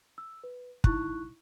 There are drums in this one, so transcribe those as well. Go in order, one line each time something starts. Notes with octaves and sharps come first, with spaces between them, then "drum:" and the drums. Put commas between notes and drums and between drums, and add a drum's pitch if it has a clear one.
E6
B4
D#4 E4 C#6 F#6, drum: kick